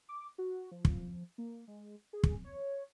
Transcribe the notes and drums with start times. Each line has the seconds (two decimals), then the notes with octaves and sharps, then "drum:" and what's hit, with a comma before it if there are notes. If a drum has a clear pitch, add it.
0.09 D6
0.38 F#4
0.72 F3
0.85 drum: kick
1.38 A#3
1.68 G#3
2.13 G#4
2.23 drum: kick
2.44 C#5